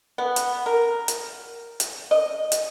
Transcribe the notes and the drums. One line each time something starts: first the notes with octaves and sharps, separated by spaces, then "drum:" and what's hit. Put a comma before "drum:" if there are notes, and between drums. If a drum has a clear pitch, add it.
B3
drum: hi-hat
A#4
drum: hi-hat
drum: hi-hat
D#5
drum: hi-hat